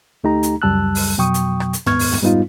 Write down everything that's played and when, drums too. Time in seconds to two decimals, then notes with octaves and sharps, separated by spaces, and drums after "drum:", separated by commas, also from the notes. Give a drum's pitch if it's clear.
0.24 D2 A3 D#4 G4 A#5
0.43 drum: hi-hat
0.62 C#2 F#2 G3 A5 E6 F#6
0.95 drum: open hi-hat
1.18 F2 B2 F#3 G5 C#6 D#6
1.34 drum: hi-hat
1.60 drum: rim click
1.73 drum: hi-hat
1.86 D#2 G#2 B3 C#6 F6 G#6, drum: tom
1.99 drum: open hi-hat
2.12 drum: tom
2.22 G#2 G3 B3 D#4 F4